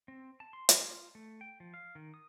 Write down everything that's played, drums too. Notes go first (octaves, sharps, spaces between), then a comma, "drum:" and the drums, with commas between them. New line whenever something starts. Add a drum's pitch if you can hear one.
C4
A5
C6
F4, drum: hi-hat
A3
G5
F3
F5
D#3
D#6